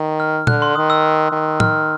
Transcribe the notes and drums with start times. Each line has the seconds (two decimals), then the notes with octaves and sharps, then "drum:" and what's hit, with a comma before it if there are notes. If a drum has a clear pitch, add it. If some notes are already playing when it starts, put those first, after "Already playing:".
Already playing: D#3
0.20 F6
0.47 D3 F#6, drum: tom A#2
0.62 C6
0.75 D#3 D#6
0.90 E6
1.32 D#3
1.60 F6, drum: tom A2